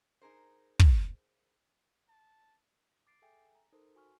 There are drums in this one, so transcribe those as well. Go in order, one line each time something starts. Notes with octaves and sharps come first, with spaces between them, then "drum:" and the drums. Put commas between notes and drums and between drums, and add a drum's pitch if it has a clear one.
D#4 G#4 A#4 C5
drum: kick
A5
D6 A6 C7 D7
G#4 A4 E5 G5 G#5
A#5
D#4 A4 A#4 C5
F#4 G#5 C#6 F6